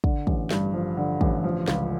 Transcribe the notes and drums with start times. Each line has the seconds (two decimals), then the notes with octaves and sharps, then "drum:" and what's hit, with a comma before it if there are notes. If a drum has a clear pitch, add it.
0.04 D3, drum: kick
0.27 A1, drum: kick
0.50 G2, drum: snare
0.74 F3
0.97 D3
1.21 A1, drum: kick
1.44 F3
1.68 C#2, drum: snare